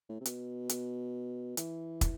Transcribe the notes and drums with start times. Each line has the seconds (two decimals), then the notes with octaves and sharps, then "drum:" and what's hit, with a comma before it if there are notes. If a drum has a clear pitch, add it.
0.09 A2
0.20 C3
0.25 B2, drum: hi-hat
0.69 drum: hi-hat
1.57 E3, drum: hi-hat
2.01 drum: kick, hi-hat